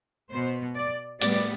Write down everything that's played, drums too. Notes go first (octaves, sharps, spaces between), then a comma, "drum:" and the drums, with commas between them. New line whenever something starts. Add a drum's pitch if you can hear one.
B2 B3 C5
D5
A2 G3 B3 D5, drum: hi-hat